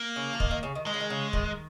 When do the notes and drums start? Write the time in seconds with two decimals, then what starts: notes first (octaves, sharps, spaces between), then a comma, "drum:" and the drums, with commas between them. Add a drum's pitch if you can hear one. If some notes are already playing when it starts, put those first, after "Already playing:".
Already playing: A#3
0.16 C#3
0.33 F3
0.40 D#3, drum: kick
0.51 D#3
0.63 C#3
0.75 D#3
0.86 D#3 G#3
0.94 C#3
1.00 D#3
1.10 C#3
1.33 D#3, drum: kick